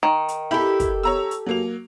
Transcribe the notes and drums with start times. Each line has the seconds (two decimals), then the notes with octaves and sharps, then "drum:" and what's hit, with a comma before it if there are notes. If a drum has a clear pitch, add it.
0.03 D#3
0.28 drum: hi-hat
0.51 E4 G4 A4 B5
0.80 drum: kick, hi-hat
1.03 C#5 A#5 E6
1.31 drum: hi-hat
1.46 F#3 A#3 F7